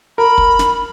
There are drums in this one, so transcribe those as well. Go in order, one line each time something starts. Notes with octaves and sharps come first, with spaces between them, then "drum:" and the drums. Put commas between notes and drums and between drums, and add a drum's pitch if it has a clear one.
A#4 B5
drum: kick
drum: snare